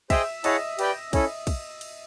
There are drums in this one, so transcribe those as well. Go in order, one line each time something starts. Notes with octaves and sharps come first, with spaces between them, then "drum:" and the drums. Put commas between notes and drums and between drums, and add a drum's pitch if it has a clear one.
G#4 C5 D#5 E5 G5, drum: kick, cymbal
E4 G#4 C#5 D#5 F#5 A5, drum: cymbal
G4 B4 D5 G5, drum: cymbal
C#4 E4 A4, drum: kick, cymbal
drum: kick, cymbal
drum: cymbal